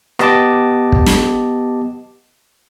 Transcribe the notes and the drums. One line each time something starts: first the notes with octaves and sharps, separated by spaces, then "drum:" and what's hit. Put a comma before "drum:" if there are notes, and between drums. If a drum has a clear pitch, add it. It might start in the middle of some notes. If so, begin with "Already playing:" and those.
B3 G4 D#5 A5 D6, drum: rim click
drum: kick
drum: snare